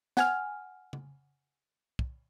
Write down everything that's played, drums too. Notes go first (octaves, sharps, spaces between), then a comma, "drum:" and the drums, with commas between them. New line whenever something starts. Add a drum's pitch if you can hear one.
F#5 G#5 F6, drum: snare
drum: tom C#3
drum: kick